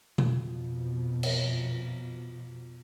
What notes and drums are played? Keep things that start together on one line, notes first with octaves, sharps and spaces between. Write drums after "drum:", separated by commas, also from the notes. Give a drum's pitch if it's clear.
F2 B2 F3, drum: tom B2
drum: cymbal